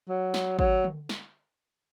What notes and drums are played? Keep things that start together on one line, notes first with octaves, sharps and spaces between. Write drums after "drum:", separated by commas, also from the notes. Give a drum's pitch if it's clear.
F#3
drum: snare
F#3, drum: kick G#1
drum: tom D3
drum: snare